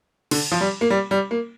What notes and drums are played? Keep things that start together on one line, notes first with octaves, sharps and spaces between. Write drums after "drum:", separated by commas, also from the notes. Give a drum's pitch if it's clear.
D3, drum: cymbal
F3
G3
A#3
G3
G3
A#3